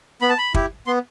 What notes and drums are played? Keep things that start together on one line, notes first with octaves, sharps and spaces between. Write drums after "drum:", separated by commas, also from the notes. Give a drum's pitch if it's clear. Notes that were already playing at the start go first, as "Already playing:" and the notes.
B3 B5
A5
B5
E4 G4, drum: kick
B3 C6